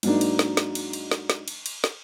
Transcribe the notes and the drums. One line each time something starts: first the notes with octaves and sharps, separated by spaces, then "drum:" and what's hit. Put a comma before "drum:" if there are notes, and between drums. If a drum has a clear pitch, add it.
G#2 F#3 A#3 D4 D#4, drum: cymbal
drum: cymbal
drum: snare
drum: snare
drum: cymbal
drum: cymbal
drum: snare
drum: snare
drum: cymbal
drum: cymbal
drum: snare